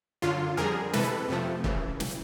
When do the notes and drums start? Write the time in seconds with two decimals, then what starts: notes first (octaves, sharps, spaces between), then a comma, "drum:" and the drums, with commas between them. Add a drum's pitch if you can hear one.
0.22 F#2 D3 F#3 F4
0.57 F2 D3 G3 G#4 A#4
0.93 C3 E3 G#3 A4 B4, drum: snare
1.29 F2 C3 F3 A3
1.64 F#2 C#3 E3, drum: kick
2.00 drum: snare